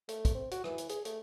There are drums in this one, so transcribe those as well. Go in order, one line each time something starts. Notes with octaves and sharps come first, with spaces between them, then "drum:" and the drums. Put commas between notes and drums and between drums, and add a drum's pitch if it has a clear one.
A3, drum: hi-hat
drum: kick, hi-hat
C4
F#4, drum: hi-hat
E3, drum: rim click
drum: hi-hat
G#4, drum: hi-hat
A3, drum: hi-hat